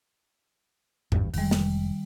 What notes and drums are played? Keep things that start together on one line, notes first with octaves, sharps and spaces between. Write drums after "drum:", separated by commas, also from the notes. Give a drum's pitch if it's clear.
G#1 G2, drum: tom E2
F1 D#3 G3 G#3, drum: open hi-hat
drum: snare